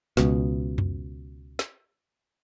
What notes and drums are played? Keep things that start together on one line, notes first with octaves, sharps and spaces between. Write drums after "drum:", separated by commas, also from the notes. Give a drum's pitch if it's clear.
C#2 B2, drum: snare
drum: tom F2
drum: snare